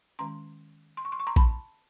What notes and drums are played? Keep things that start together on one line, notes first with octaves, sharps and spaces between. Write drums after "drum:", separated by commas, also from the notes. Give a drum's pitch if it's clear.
D#3 G#3 C#4 A#5 C6
C6
C#6
C6
C#6
A#5 C6
A5 B5, drum: kick